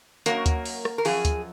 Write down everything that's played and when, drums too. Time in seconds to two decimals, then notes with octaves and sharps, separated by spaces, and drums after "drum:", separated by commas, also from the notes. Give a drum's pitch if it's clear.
0.26 F#2 D#3 F#3 A#3 A#4, drum: hi-hat
0.46 drum: kick D2, hi-hat
0.65 drum: open hi-hat
0.85 drum: rim click
0.98 A#4
1.05 F#2 F3 G#4, drum: open hi-hat
1.25 drum: kick D2, hi-hat